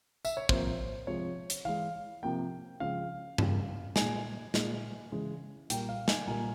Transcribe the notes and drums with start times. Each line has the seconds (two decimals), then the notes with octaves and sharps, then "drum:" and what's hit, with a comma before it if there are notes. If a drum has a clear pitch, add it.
0.25 E5, drum: tambourine
0.37 C#5
0.49 C3 F3 A#3 C5, drum: kick
1.07 C3 F3 G#3 C#5
1.50 drum: hi-hat
1.65 E3 G#3 F5
2.23 C3 F3 A#3 G5
2.80 C#3 F3 G#3 F5
3.38 C#3 G3 A#3, drum: tom G2
3.96 G#3 G#5, drum: snare
4.01 A#2
4.54 A#2 G#3, drum: snare
5.12 C#3 E3 G#3
5.70 A#2 G3 A#3 G5, drum: hi-hat
5.89 F5
6.08 G#5, drum: snare
6.27 A#2 G3 A#3 G#5